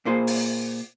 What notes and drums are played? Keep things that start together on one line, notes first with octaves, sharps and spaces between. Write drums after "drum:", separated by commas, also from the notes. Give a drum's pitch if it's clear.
A#2 A#3 F4 G#4 C5
drum: open hi-hat